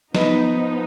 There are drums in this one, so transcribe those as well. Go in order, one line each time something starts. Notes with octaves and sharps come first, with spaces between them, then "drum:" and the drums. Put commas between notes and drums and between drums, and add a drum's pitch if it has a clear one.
F3 B3 D#4 B4 D#5, drum: snare